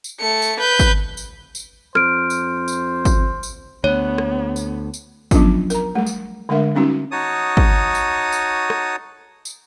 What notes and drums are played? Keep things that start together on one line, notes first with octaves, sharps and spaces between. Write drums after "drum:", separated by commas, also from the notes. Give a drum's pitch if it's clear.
drum: tambourine
A3 C#7
drum: tambourine
B4 G6
drum: kick, tambourine
drum: tambourine
drum: tambourine
F2 C5 F6 D7, drum: rim click
drum: tambourine
drum: tambourine
drum: kick, tambourine
drum: tambourine
D2 B3 C#5
drum: rim click
drum: tambourine
drum: tambourine
F3 F#3 B3 C#4 D4 F4, drum: kick, tambourine
A#4 A#5, drum: tambourine
G3 A3
drum: tambourine
D3 G#3 A3 D4 A#4 E5
G3 C4 C#4 D#4 F#4
D#4 F#4 C#5 A5 D#6
drum: kick
drum: tambourine
drum: tambourine
drum: rim click
drum: tambourine